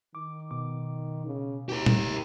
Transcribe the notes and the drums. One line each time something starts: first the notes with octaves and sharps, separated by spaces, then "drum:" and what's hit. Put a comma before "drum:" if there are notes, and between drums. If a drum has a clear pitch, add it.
D#3 D6
B2 D6
C#3
A#2 G4 A#4
drum: tom A#2